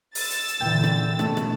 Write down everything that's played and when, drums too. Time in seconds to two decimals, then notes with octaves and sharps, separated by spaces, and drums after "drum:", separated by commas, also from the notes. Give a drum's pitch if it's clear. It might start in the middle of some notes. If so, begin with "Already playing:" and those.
0.15 E6 A6, drum: open hi-hat
0.30 drum: hi-hat
0.48 drum: hi-hat
0.60 A#2 D3 E3 G5
0.84 drum: rim click
1.19 B2 A3, drum: rim click
1.37 drum: rim click